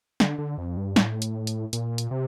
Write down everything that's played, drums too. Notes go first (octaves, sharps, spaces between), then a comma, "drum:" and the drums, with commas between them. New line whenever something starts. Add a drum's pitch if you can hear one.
D3, drum: snare
D3
F2
G2
A2, drum: snare
drum: hi-hat
drum: hi-hat
A#2, drum: hi-hat
drum: hi-hat
C3